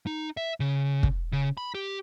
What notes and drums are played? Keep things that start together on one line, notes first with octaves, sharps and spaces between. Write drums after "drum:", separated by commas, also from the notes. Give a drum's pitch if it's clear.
D#4
E5
C#3
drum: kick
C#3
B5
G4